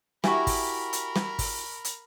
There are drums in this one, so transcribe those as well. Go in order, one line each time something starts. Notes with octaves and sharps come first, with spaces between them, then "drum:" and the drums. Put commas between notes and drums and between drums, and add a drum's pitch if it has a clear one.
E4 F#4 G4 A#4 G#5 B5 C#6, drum: snare
drum: kick, open hi-hat
drum: hi-hat
drum: snare
drum: kick, open hi-hat
drum: hi-hat